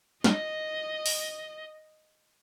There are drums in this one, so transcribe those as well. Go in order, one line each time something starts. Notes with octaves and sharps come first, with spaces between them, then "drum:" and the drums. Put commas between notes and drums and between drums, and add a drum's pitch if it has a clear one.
D#5, drum: snare
drum: open hi-hat